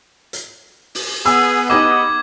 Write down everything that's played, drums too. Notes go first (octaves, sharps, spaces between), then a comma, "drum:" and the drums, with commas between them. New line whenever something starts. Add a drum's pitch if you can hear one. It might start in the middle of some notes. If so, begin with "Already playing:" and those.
drum: hi-hat
drum: open hi-hat
B3 G#4 G#5 E6, drum: hi-hat
D#4 G4 B4 D#5 D6 G#6